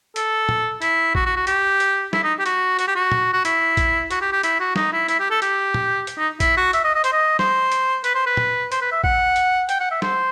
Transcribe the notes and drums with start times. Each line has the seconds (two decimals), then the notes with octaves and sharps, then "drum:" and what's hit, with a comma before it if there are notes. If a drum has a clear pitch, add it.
0.16 A4, drum: hi-hat
0.49 drum: tom
0.82 E4, drum: hi-hat
1.15 F#4, drum: kick
1.26 F#4
1.36 F#4
1.47 G4, drum: hi-hat
1.80 drum: hi-hat
2.13 E4, drum: snare
2.24 D#4
2.39 G4
2.46 F#4, drum: hi-hat
2.79 F#4, drum: hi-hat
2.87 G4
2.95 F#4
3.12 drum: tom
3.33 F#4
3.45 E4, drum: hi-hat
3.77 drum: kick, hi-hat
4.11 F#4, drum: hi-hat
4.21 G4
4.32 G4
4.43 E4, drum: hi-hat
4.60 F#4
4.76 D#4, drum: snare
4.93 E4
5.08 E4, drum: hi-hat
5.20 G4
5.30 A4
5.42 G4, drum: hi-hat
5.74 drum: tom
6.07 drum: hi-hat
6.18 D#4
6.40 E4, drum: kick, hi-hat
6.57 F#4
6.73 E5, drum: hi-hat
6.84 D#5
6.95 D#5
7.04 C5, drum: hi-hat
7.12 D#5
7.39 C5, drum: snare
7.72 drum: hi-hat
8.04 B4, drum: hi-hat
8.15 C5
8.26 B4
8.37 drum: tom
8.72 C5, drum: hi-hat
8.81 B4
8.91 E5
9.04 F#5, drum: kick
9.36 drum: hi-hat
9.69 G5, drum: hi-hat
9.80 F#5
9.91 E5
10.02 C5, drum: snare